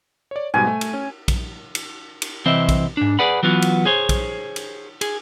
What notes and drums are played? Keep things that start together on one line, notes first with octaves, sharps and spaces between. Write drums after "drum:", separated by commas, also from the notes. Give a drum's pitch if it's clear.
C#5 D5
G#2 B2 G3 G#5
A3
drum: cymbal
C#4
drum: kick A#1, cymbal
drum: cymbal
drum: cymbal
C2 E3 C4 C5 D#5 E5
drum: kick A#1, cymbal
G#2 D4
G#4 B4 D5 F#5 B5
E3 F#3 B3 F4 F#4
drum: cymbal
G#4 C5 C#5
drum: kick A#1, cymbal
drum: cymbal
G#4, drum: cymbal